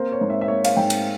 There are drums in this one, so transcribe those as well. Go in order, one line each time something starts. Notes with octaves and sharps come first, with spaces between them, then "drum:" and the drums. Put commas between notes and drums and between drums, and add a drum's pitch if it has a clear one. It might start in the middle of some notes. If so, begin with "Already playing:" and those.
Already playing: A#3 C4 C5
C#5
G#2
E5
E5
A#3 C#5
F5, drum: cymbal
G#2 G5
drum: cymbal